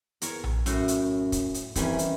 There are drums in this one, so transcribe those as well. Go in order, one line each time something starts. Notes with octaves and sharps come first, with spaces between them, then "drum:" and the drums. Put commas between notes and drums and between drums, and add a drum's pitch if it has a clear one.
E2 A#4 C#5, drum: hi-hat
drum: tom A#1
F#2 A2 F#4, drum: hi-hat
drum: hi-hat
drum: kick, hi-hat
drum: hi-hat
C2 D#3 E3 C#4, drum: kick, hi-hat
drum: hi-hat